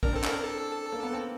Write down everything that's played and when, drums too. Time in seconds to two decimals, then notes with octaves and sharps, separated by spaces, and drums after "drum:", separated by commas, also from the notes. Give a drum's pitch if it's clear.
0.03 D4 A#4, drum: kick
0.13 C4
0.15 A4
0.24 C#4, drum: clap
0.26 A#4
0.33 D4
0.44 A4
0.92 A#3
1.03 B3
1.12 C4